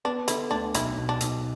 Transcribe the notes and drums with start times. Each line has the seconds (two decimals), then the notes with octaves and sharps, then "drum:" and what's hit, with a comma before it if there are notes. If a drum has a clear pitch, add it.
0.05 B3 D4
0.28 D3 E4, drum: hi-hat
0.51 D2 D4
0.74 B1 E4, drum: hi-hat
0.98 B2
1.09 D4
1.21 B1, drum: hi-hat